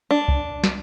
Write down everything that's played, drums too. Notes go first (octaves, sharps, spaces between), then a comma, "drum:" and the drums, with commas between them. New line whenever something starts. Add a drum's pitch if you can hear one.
D4
drum: kick C2
drum: snare